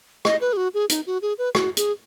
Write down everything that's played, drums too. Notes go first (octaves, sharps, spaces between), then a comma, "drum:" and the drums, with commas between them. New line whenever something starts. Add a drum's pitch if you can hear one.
D#5, drum: rim click
B4
G#4
F#4
G#4
D#4, drum: hi-hat
F#4
G#4
B4
F#4, drum: rim click
G#4, drum: hi-hat